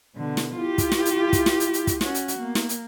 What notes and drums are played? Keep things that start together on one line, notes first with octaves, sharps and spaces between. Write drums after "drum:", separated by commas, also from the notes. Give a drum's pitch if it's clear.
B2 D3
drum: snare
E4 F4 G4
drum: kick, hi-hat
drum: snare
drum: hi-hat
drum: kick, hi-hat
drum: snare
drum: hi-hat
drum: hi-hat
drum: kick, hi-hat
C#4 F#4, drum: snare
drum: hi-hat
drum: hi-hat
A#3 B3
drum: snare
drum: hi-hat